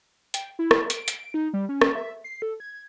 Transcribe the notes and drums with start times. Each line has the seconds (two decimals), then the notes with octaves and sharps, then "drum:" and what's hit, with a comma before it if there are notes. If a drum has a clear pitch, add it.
0.34 G5, drum: hi-hat
0.59 E4
0.71 drum: rim click
0.90 D7, drum: hi-hat
1.08 drum: hi-hat
1.34 D#4
1.53 G3
1.69 C#4
1.81 drum: rim click
1.95 E5
2.24 C7
2.42 A4
2.60 G#6